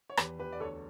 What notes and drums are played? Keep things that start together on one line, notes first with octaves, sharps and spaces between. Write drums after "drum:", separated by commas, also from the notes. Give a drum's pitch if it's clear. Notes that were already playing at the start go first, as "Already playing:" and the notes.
C#5
E2 G4 B4, drum: rim click
E2 G4 B4
D5
D2 A4 C#5